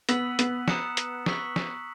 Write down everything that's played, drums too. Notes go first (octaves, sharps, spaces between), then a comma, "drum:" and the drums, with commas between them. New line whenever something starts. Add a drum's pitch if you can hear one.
B3 E6 B6 F#7, drum: hi-hat
B3, drum: hi-hat
A#5 D#6 F#6 C#7 E7, drum: snare
drum: hi-hat
C#6 E6 B6 F#7, drum: snare
drum: snare